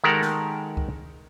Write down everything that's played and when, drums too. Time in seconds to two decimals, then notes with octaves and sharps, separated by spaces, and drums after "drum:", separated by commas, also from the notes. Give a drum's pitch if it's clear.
0.04 D#3 G#3 G4 A4 A#4 F#5
0.22 drum: snare
0.77 drum: kick C2